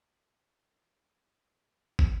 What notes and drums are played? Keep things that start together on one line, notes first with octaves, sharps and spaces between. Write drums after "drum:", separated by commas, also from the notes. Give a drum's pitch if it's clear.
B5
E2
drum: kick